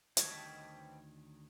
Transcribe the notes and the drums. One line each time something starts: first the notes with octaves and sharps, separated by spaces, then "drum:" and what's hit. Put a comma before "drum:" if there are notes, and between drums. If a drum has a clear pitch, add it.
D2 B2 D#3 G3 C4 C#5, drum: hi-hat